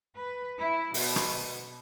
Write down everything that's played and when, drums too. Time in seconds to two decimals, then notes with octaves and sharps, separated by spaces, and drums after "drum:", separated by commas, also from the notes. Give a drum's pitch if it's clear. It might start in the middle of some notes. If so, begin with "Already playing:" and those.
0.15 B4
0.59 E4
0.94 B2, drum: open hi-hat
1.16 drum: rim click